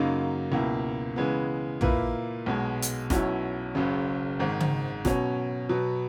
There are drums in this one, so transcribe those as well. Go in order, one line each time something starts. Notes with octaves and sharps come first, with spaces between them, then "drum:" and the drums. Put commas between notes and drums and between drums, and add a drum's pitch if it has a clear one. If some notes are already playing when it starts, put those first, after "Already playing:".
Already playing: F#2 C#3 F#3 A#3 D#4
C#2 B2 A#3 E4
C#3 E3 G#3 B3
A#2 A#3 E4 B4, drum: tom
B1 B2 G#3
drum: hi-hat
B1 B2 F#3 C#4 E4, drum: snare
F#1 F#2 C#3
G#1 G#2 D#3
drum: tom C#3
B2 F#3 C#4, drum: snare
B2 F#3 B3